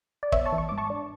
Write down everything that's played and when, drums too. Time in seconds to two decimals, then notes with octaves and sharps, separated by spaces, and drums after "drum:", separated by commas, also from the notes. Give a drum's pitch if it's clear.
0.23 D5
0.32 B3 C#5 E5, drum: kick
0.46 A5 C#6
0.52 E3
0.58 C#6
0.69 G#2 D6
0.78 A5 C#6
0.90 D4